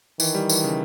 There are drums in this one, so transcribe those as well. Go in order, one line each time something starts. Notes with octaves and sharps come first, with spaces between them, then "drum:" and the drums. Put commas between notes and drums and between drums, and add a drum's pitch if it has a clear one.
D#3 E3, drum: tambourine
G3
E3, drum: tambourine
C#3